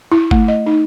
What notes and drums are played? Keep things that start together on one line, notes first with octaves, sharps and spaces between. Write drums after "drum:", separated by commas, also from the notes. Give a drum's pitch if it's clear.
E4
A3, drum: kick G1
D#5
D#4